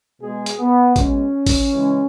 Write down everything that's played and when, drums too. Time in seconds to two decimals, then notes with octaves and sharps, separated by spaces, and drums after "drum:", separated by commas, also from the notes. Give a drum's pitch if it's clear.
0.21 B2 G#3 G#4
0.46 drum: hi-hat
0.59 B3
0.96 B2 G#3 C#4, drum: kick A1, hi-hat
1.47 drum: kick A1, open hi-hat
1.72 C#3 E3 G#3